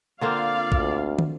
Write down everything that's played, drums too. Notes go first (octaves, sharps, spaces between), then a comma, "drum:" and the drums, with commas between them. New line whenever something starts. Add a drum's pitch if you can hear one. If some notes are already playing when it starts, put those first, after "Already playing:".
D3 A#3 C4 F4 D5 F5
D2, drum: kick A#1
drum: tom